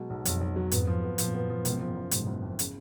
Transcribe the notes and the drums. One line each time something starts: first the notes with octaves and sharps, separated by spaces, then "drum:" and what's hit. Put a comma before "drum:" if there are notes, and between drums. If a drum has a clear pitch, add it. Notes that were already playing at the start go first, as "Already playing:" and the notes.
Already playing: B2 F#3 G#3
B1
B1 F2, drum: hi-hat
B1
F#3
F2 G#2 B3, drum: hi-hat
F3
B3
F#2 A#2 F3, drum: hi-hat
B3
F3
F#1 G#2 B2, drum: hi-hat
F3
F#1
G#2 B2 F3, drum: hi-hat
F#1
F2
C#3, drum: hi-hat